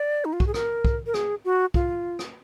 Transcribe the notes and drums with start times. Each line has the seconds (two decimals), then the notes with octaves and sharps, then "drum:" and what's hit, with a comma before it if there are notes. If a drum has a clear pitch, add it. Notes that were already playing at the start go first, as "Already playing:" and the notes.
Already playing: D5
0.25 D#4
0.33 F4
0.40 F#4, drum: kick
0.47 G#4
0.54 A#4, drum: rim click
0.85 drum: kick
1.06 A#4
1.14 G#4, drum: rim click
1.45 F#4
1.74 F4, drum: kick
2.19 drum: rim click